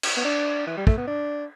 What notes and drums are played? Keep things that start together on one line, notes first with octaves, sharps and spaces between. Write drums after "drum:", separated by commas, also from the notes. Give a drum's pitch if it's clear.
drum: cymbal
B3
D4
E3
G3
A3, drum: kick
B3
D4